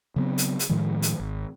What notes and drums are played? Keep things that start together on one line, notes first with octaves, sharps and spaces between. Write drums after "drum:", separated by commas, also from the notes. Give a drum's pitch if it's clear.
C#3 F#3 B3 C4
drum: hi-hat
drum: hi-hat
A2 D#3 F3 G#3
drum: hi-hat
G#1